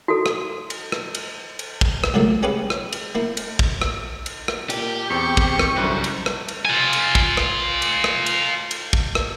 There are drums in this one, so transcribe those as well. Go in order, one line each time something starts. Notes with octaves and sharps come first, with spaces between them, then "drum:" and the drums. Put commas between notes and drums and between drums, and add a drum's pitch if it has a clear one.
F#4 A4
drum: rim click
drum: cymbal
drum: rim click
drum: cymbal
drum: cymbal
drum: kick
drum: rim click
C#2 F#3 A3 A#3
C#4 G4 G#4 B4 F5
drum: rim click
drum: cymbal
A#3 E4
drum: cymbal
drum: kick
drum: rim click
drum: cymbal
drum: rim click
A#2 G4, drum: cymbal
E2 C4 C#6
drum: kick
drum: rim click
F#2 D3 G3 E4 F#6
drum: cymbal
drum: rim click
drum: cymbal
F4 G#5
drum: cymbal
drum: kick
drum: rim click
drum: cymbal
drum: rim click
drum: cymbal
drum: cymbal
drum: kick
drum: rim click